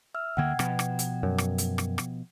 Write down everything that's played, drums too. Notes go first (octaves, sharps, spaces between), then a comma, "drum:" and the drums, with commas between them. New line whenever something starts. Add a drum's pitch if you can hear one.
E5 E6 F6
D2 D3 A#3 F#5 G5 G#6
B2 F3, drum: rim click
drum: rim click
drum: hi-hat
F#2
drum: rim click
drum: hi-hat
drum: rim click
drum: rim click